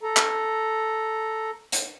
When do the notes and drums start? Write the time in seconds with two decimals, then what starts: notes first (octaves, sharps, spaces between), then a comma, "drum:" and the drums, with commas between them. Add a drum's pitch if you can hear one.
0.03 A4 A#5
0.17 drum: clap
1.72 drum: hi-hat